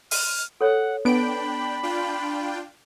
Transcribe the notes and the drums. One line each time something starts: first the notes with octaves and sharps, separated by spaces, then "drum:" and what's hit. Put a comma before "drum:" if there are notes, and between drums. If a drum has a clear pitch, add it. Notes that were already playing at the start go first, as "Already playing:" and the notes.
F6, drum: open hi-hat
A4 C#5 F#5
B3 D4 G5 B5 D7
D4 F4 G5